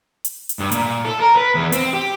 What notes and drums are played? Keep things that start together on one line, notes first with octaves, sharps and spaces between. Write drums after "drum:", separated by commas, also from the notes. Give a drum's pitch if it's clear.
drum: hi-hat
drum: hi-hat
G2
A#2, drum: hi-hat
A4
A#4
B4
E2
C4, drum: hi-hat
G4